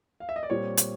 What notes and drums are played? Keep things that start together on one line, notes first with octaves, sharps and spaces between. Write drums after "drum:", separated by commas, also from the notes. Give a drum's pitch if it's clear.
F5
E5
D#5
D5
A#2 G3 C4 C#5
drum: hi-hat